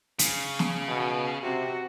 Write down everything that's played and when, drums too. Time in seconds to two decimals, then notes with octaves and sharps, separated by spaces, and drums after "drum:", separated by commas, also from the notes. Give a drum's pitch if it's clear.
0.19 C#3, drum: hi-hat
0.59 drum: snare
0.88 B2
1.43 C3 C4 F#4